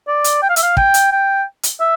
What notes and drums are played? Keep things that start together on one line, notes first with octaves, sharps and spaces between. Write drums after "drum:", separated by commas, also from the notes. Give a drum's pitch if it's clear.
D5
drum: hi-hat
G5
F5
E5, drum: hi-hat
F5
G5, drum: kick
drum: hi-hat
G5
drum: hi-hat
E5